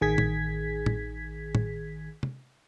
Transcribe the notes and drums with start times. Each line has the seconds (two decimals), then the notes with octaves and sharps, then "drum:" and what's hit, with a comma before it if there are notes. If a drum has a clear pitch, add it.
0.01 A1 D#3 G#4 G#6 B6
0.18 drum: tom
0.86 drum: tom
1.55 drum: tom
2.23 drum: tom